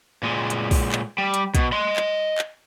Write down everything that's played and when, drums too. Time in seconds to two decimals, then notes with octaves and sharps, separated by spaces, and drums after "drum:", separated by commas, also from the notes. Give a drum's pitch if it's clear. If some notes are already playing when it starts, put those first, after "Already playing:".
0.23 A#2 G#3
0.50 drum: hi-hat
0.71 drum: kick, open hi-hat
0.92 drum: clap
1.18 G3
1.34 drum: hi-hat
1.55 B2, drum: kick, hi-hat
1.72 D#5 C6
1.96 drum: clap
2.38 drum: clap